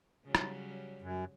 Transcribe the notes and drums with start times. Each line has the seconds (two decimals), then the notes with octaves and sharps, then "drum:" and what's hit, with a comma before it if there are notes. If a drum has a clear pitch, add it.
0.25 C#3 F#3 G3
0.35 drum: rim click
1.02 F#2